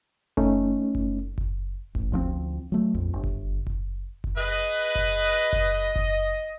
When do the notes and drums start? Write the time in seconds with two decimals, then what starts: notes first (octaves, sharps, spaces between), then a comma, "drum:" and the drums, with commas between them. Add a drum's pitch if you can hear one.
0.37 A3 C#4 D#4, drum: kick F#1
0.95 drum: kick F#1
1.38 drum: kick F#1
1.95 A1, drum: kick F#1
2.12 D2 F3 A3 C4
2.72 F#3 A3
2.94 A#1 F2
3.13 G1
3.24 drum: kick F#1
3.67 drum: kick F#1
4.24 drum: kick F#1
4.37 G#4 B4 D#5
4.95 drum: kick F#1
5.53 drum: kick F#1
5.96 drum: kick F#1